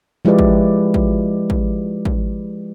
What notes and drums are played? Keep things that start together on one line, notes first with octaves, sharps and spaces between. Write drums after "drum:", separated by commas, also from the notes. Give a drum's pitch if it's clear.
F3 G#3 E4 G4 B4 D5
drum: kick
drum: kick
drum: kick
drum: kick